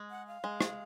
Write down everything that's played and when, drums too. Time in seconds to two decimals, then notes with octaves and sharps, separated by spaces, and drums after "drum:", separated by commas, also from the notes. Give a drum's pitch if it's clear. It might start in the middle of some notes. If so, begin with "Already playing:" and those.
Already playing: G#3
0.10 F#5
0.27 F5
0.44 G#3
0.61 drum: rim click